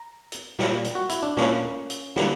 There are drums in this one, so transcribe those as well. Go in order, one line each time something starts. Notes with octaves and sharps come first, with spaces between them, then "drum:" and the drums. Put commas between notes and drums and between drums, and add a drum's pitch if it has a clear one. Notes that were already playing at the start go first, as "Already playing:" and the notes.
Already playing: A#5
drum: hi-hat
A#2 G3 A#3, drum: snare
drum: hi-hat
F#4
E4, drum: hi-hat
D4
A#2 A#3 C#4, drum: snare
drum: hi-hat
D3 G3 A#3, drum: snare